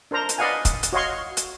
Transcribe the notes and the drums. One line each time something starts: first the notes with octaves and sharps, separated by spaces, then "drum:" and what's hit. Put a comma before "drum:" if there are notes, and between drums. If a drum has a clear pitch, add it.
D4 A#4 C5 A#5
drum: hi-hat
B4 D5 D#5 F5 F#5 G#5
drum: kick, hi-hat
drum: hi-hat
F#4 C#5 D#5 F5 C6 C#6
drum: hi-hat